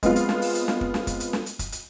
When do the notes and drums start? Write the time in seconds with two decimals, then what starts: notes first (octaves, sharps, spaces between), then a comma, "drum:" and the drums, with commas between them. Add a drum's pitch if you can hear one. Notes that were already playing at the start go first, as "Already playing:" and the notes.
0.03 G#3 B3 C4 F4, drum: kick, hi-hat
0.16 drum: hi-hat
0.29 drum: snare
0.42 drum: open hi-hat
0.55 drum: hi-hat
0.68 drum: snare
0.81 drum: kick
0.94 drum: snare
1.07 drum: kick, hi-hat
1.20 drum: hi-hat
1.33 drum: snare
1.46 drum: hi-hat
1.59 drum: kick, hi-hat
1.72 drum: hi-hat